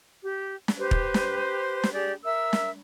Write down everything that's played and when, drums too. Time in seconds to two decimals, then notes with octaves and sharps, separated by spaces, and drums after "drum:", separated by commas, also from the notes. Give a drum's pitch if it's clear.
0.22 G4
0.68 drum: snare
0.78 G4 B4 C5
0.91 drum: kick
1.14 drum: snare
1.84 drum: snare
1.93 G4 G#4 D5
2.24 A#4 E5 E6
2.53 drum: snare